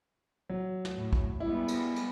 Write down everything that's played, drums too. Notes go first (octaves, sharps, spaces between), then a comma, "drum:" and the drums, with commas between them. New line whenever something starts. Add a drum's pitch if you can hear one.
F#3
drum: snare
A2
drum: kick
G3 G#3 B3 E4
drum: cymbal
drum: cymbal